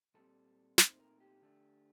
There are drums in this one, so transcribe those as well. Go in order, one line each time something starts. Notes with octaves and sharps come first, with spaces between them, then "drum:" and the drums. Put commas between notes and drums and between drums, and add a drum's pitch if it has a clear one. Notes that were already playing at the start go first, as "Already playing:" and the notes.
A#2 G3 C4 A4
A#2 A3 C4 D#4 C5, drum: snare
A#4
G4
D3 A3 D4